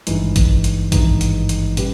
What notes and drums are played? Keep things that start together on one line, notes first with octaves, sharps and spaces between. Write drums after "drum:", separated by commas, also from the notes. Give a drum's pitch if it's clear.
G#1 G2 E3 G#3 D#4, drum: hi-hat
drum: kick, hi-hat
drum: hi-hat
G#1 G2 E3 G#3 D#4, drum: kick, hi-hat
drum: hi-hat
drum: hi-hat
A#2 G3 C#4 G4 B4, drum: hi-hat